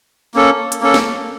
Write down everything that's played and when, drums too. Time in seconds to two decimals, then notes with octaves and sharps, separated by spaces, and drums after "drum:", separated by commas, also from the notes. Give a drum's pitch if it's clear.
0.34 A#3 C#4 A4
0.72 drum: hi-hat
0.81 A#3 C#4 A4
0.94 drum: snare